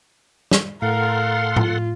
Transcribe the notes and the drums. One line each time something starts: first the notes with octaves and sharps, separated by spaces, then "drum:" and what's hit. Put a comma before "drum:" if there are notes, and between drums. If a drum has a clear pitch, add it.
drum: snare
A2 A4 A#4 F5 F#5 C6
F4, drum: tom A2